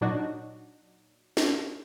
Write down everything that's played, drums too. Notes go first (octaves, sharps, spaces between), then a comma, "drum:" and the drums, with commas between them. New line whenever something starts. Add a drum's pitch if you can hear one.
A#2 F#3 D4 D#4 F#4
drum: snare